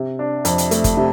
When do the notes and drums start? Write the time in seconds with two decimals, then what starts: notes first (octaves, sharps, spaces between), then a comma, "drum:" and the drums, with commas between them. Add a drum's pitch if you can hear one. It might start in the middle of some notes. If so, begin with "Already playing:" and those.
Already playing: C3
0.19 D4
0.45 F2, drum: hi-hat
0.58 drum: hi-hat
0.71 A3, drum: hi-hat
0.84 drum: kick, hi-hat
0.97 C3